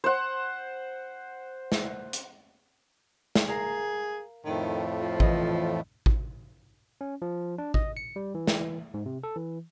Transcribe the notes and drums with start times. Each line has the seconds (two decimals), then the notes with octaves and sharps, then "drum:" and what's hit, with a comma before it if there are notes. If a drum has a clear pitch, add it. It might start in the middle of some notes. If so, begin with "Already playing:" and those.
0.04 C5 F#5
1.72 drum: snare
2.13 drum: hi-hat
3.35 drum: snare
3.48 G#4 A#4 F5 A#5
4.45 F2 A2 D#3
5.01 F3
5.20 E3 D#5, drum: kick A1
6.06 drum: kick A1
7.01 C#4
7.22 F3
7.58 D4
7.74 D#5, drum: kick A1
7.97 C#7
8.16 G3
8.35 E3
8.47 drum: snare
8.94 G#2
9.06 C3
9.23 A4
9.36 E3